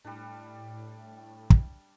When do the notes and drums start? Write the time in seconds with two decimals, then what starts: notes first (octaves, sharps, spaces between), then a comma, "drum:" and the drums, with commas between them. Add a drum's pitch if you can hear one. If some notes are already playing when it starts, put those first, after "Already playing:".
0.04 A2 G3 D4
1.50 drum: kick